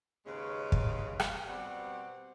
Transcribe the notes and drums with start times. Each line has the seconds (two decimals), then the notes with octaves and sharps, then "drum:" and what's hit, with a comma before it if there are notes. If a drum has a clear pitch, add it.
0.25 D#2 G#2 C#3 G#3 C#4 B4
0.72 drum: kick
1.20 drum: rim click
1.47 B2 G3 C4 D5 F#5